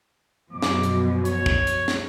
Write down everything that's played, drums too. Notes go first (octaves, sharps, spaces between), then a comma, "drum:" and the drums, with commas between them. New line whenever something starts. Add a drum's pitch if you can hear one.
F#2 B2 F3 D6
drum: snare
drum: hi-hat
C#5, drum: hi-hat
drum: kick
drum: hi-hat
drum: snare